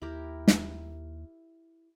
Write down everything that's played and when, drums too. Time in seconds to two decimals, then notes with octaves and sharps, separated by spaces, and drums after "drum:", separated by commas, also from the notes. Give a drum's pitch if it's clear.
0.02 D#2 E4 G4 A#4
0.48 drum: snare